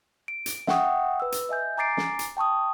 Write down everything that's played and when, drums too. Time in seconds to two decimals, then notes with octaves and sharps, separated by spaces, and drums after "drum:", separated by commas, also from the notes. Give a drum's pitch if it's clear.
0.28 D7
0.46 drum: hi-hat
0.67 E5 F#5 G5 C#6 D#6, drum: snare
1.20 B4 E6
1.32 drum: hi-hat
1.49 D#5 E5 G#5 G6
1.77 G#5 A#5 D6 A6 C7 D7
1.97 drum: snare
2.19 drum: hi-hat
2.37 G5 A5 C#6 D#6